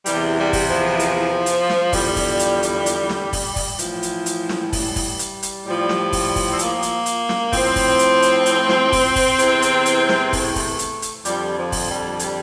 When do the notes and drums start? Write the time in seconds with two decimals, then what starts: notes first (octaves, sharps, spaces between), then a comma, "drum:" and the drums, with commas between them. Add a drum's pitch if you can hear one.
0.06 E2 C3 E3 G3, drum: hi-hat
0.37 G3
0.53 drum: kick, open hi-hat
0.69 F3
0.99 drum: hi-hat
1.46 drum: hi-hat
1.69 drum: snare
1.93 E2 D3 F3 G3, drum: kick, open hi-hat
2.16 drum: kick, open hi-hat
2.39 drum: hi-hat
2.63 drum: hi-hat
2.86 drum: hi-hat
3.09 drum: snare
3.33 drum: kick, open hi-hat
3.56 drum: kick, open hi-hat
3.79 A2 E3 F3, drum: hi-hat
4.03 drum: hi-hat
4.26 drum: hi-hat
4.49 drum: snare
4.73 G3, drum: kick, open hi-hat
4.96 drum: kick, open hi-hat
5.19 drum: hi-hat
5.43 drum: hi-hat
5.66 A2 F3 G3
5.89 drum: snare
6.13 drum: kick, open hi-hat
6.36 drum: kick, open hi-hat
6.53 C4
6.59 A#3, drum: hi-hat
6.82 drum: hi-hat
7.06 drum: hi-hat
7.29 drum: snare
7.52 A2 F3 C4, drum: kick, open hi-hat
7.76 drum: kick, open hi-hat
7.99 drum: hi-hat
8.22 drum: hi-hat
8.46 drum: hi-hat
8.69 drum: snare
8.92 drum: kick, open hi-hat
9.16 drum: kick, open hi-hat
9.39 E2 C3 E3, drum: hi-hat
9.62 drum: hi-hat
9.86 drum: hi-hat
10.09 drum: snare
10.33 A3, drum: kick, open hi-hat
10.56 drum: kick, open hi-hat
10.79 drum: hi-hat
11.02 drum: hi-hat
11.25 F2 D3 F3 G3, drum: hi-hat
11.57 F3
11.72 drum: kick, open hi-hat
11.87 G3
12.19 G3, drum: hi-hat